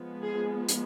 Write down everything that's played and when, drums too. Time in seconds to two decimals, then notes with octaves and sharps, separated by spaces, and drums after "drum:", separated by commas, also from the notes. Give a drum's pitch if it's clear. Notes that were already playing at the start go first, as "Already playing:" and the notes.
Already playing: F3 G#3 B3
0.23 G#4
0.68 drum: hi-hat